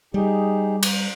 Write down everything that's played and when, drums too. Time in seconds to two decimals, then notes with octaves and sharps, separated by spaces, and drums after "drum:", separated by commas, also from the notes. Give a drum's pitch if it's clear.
0.14 G3 D#4 G4 G#4
0.83 drum: cymbal